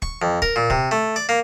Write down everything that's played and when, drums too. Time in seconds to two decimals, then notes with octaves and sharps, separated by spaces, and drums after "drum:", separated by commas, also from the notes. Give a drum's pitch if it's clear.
0.02 C#6, drum: kick
0.22 F2
0.42 A#4, drum: kick
0.56 A#2
0.70 C3, drum: kick
0.91 A3
1.16 D5
1.29 A#3